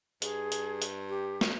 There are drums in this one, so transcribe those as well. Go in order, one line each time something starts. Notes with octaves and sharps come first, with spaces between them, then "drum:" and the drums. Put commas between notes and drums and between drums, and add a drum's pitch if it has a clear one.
G2 G#4, drum: hi-hat
drum: hi-hat
drum: hi-hat
G4
drum: snare